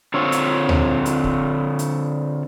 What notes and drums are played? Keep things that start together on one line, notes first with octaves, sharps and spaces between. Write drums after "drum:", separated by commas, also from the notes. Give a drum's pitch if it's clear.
D3 C4 F4 C#5
drum: hi-hat
drum: tom D2
drum: hi-hat
drum: kick
drum: hi-hat